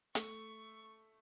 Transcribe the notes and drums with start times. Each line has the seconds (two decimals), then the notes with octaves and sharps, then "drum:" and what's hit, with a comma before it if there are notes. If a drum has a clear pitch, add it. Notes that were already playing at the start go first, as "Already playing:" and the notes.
0.15 A3 C#6, drum: hi-hat